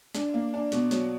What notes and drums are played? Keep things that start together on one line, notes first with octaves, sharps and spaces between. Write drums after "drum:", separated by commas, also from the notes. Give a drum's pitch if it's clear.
D4, drum: snare
A#3
D4
B2, drum: snare
F#3, drum: snare